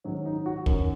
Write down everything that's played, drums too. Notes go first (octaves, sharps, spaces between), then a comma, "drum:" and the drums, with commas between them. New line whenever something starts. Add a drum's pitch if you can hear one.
G#2 D#3 F#3 C#4
D#4
F#4
F#2 D#3 F#3 A#4, drum: kick